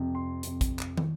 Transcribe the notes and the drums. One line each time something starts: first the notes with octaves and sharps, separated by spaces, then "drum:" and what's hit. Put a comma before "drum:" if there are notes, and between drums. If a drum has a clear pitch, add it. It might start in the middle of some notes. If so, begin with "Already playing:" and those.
Already playing: F2 C3
C6
F2 C3, drum: hi-hat
drum: kick, hi-hat
drum: clap
drum: tom